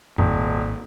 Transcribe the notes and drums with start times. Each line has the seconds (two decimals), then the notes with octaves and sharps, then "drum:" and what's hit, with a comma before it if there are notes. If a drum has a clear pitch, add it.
0.18 D#1 G#1, drum: tom F2